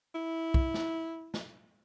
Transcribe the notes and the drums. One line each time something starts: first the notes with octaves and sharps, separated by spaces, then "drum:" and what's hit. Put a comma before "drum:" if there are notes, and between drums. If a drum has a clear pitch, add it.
E4
drum: kick
drum: snare
drum: snare